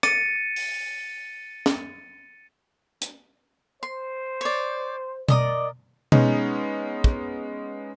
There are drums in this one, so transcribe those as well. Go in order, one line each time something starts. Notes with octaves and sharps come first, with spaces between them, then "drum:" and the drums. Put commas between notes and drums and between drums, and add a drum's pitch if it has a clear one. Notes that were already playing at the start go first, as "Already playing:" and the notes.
A6 C#7 D#7, drum: rim click
drum: open hi-hat
drum: snare
drum: hi-hat
C5 C6
C#5 D5
A#4 D5 D#5 D#6, drum: tom B2
G#3 B3 C#4 D#4, drum: tom B2
drum: kick